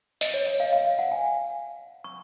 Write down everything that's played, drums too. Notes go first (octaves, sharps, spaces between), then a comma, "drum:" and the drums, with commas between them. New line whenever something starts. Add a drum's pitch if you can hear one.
D#5, drum: tambourine
C#5
D#5
F5
F5
F5
F#5
G#5
C#6